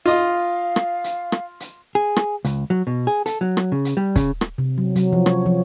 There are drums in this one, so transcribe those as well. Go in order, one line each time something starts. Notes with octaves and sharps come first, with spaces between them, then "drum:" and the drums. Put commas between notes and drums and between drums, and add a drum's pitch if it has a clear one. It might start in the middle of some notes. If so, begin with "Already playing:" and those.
F4 D#5 F5 D#6
drum: rim click
drum: hi-hat
drum: rim click
drum: hi-hat
G#4
drum: rim click
C#2, drum: hi-hat
F#3
B2
G#4
A4, drum: hi-hat
F#3
drum: rim click
C#3
drum: hi-hat
G3
C#3, drum: kick, hi-hat
drum: rim click
C3
F#3
F#3, drum: hi-hat
F3
C#5, drum: rim click
F3